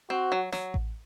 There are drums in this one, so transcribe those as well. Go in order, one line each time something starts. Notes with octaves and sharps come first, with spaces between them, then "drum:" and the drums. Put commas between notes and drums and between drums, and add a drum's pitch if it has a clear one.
C4 F#4
F#3
F#3, drum: snare
drum: kick A1